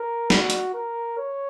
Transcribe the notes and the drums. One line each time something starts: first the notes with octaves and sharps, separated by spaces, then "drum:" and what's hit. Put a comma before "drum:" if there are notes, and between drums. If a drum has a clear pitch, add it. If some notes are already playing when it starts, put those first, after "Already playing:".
Already playing: A#4
F#4, drum: snare
drum: hi-hat
A#4
C#5